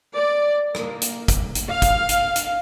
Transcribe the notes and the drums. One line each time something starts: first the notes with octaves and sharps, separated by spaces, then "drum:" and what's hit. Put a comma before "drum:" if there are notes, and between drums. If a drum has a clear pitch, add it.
D5
A#3, drum: rim click
drum: hi-hat
drum: kick, hi-hat
drum: hi-hat
F5
drum: kick, hi-hat
drum: hi-hat
drum: hi-hat